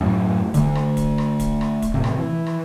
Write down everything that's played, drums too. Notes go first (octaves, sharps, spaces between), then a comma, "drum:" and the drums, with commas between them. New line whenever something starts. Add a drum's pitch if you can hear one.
F#2 A2
D3 A3, drum: kick D1, hi-hat
drum: rim click
drum: kick D1, hi-hat
drum: rim click
drum: kick D1, hi-hat
drum: rim click
drum: kick D1, hi-hat
A1 C3
drum: rim click
E3
drum: rim click